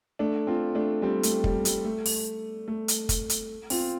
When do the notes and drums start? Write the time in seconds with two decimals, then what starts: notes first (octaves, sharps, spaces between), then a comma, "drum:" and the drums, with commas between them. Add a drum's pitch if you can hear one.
0.19 A3 D4
0.47 C4 F4
0.75 A3 D4
1.02 G3 C4
1.23 A3, drum: hi-hat
1.44 G3, drum: kick
1.65 G3, drum: hi-hat
1.85 A3
2.06 drum: open hi-hat
2.68 A3
2.88 drum: hi-hat
3.09 drum: kick, hi-hat
3.30 drum: hi-hat
3.70 C4 F4, drum: open hi-hat